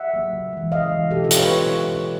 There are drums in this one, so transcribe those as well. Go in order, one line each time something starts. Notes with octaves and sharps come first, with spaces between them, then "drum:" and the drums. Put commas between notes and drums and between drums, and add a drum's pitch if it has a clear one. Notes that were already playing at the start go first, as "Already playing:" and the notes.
Already playing: E5 F#5
F#3 A#3
C#3
E3 G#3
C#3 D#5 F5
E3 G#3
B2 G4 A4
F4 G4
G#3, drum: hi-hat
B4 C#5
B2
G#3
C#3